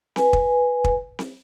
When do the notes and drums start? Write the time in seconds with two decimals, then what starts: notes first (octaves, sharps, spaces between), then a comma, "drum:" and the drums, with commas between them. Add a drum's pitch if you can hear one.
0.16 B4 G#5, drum: snare C4
0.33 drum: kick
0.84 drum: kick
1.19 drum: snare C4